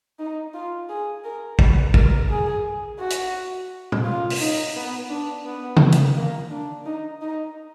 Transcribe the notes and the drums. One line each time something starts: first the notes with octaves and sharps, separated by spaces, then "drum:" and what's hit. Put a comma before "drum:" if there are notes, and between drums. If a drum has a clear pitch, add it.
D#4
F4
G#4
A#4
B4, drum: kick
A#4, drum: kick
G#4
F#4
drum: hi-hat
drum: tom A#2
F4
drum: open hi-hat
D#4
B3
D4
B3
drum: tom C#3
drum: hi-hat
A#3
D4
D#4
D#4